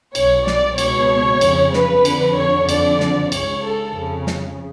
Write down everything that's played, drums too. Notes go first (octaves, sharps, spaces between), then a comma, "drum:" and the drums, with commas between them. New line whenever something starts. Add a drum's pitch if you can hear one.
B1 B2 C#5, drum: cymbal
D5, drum: snare
C#2 B2 C#5, drum: cymbal
F2 C#3, drum: cymbal
B4, drum: snare
F2 D3, drum: cymbal
C#5
F2 D3 D5, drum: cymbal
drum: snare
C#2 C#3 C#5, drum: cymbal
A4
F2 C#3
drum: snare